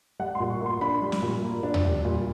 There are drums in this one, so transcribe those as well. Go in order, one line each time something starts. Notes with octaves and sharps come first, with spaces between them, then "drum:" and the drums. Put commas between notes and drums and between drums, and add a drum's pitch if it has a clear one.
G3 F#5
C6
A#2
C#6
A#3
C6
D4 B5
G3
drum: snare
A#2
A#3
D4
drum: tom D#2
G3
A#2